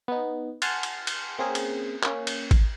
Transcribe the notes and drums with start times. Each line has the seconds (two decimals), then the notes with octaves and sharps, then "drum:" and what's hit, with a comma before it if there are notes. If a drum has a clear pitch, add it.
0.08 B3 D#4
0.62 F#5 G#5 A5 C6 F6, drum: cymbal
0.83 drum: cymbal
1.07 drum: cymbal
1.39 A#3 C4 C#4 G#4 A#4
1.55 drum: cymbal
2.03 A#3 C#4, drum: clap
2.27 drum: cymbal
2.51 drum: kick A1, cymbal